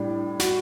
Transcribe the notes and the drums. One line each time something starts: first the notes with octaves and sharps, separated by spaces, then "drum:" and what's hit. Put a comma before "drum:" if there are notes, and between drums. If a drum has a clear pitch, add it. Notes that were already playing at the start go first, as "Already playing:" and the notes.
Already playing: A2 G3 D4
F#4, drum: snare